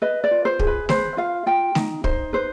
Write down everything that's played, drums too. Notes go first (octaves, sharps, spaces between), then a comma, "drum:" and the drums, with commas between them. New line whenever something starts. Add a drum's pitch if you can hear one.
B4 D#5
D5
F4
C5
G#4, drum: kick
B4
B4 C5, drum: snare
F4 F5
F4 G5
D#4, drum: snare
D#4 C5, drum: kick
B4 C5